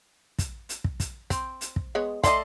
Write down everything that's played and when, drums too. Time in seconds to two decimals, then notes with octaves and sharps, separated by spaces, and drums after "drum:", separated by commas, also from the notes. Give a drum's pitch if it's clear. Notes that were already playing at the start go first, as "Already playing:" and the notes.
0.39 drum: kick, hi-hat
0.69 drum: hi-hat
0.84 drum: kick
1.00 drum: kick, hi-hat
1.30 C4, drum: kick, hi-hat
1.61 drum: hi-hat
1.76 drum: kick
1.95 G#3 B3 C#5
2.24 A3 A4 D5 D#5 G5 C6, drum: kick, hi-hat